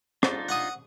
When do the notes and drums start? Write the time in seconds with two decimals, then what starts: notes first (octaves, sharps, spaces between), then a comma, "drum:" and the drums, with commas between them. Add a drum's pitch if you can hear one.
0.23 D4 D#4 F4, drum: rim click
0.49 F#5 C#6 D#6